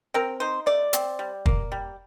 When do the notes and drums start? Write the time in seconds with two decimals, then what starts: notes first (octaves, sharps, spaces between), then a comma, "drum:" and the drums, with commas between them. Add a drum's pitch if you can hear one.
0.14 C4 A#4
0.40 D#4 C5
0.66 A3 D5
0.93 C4, drum: hi-hat
1.19 G3
1.46 A#3, drum: kick
1.72 G3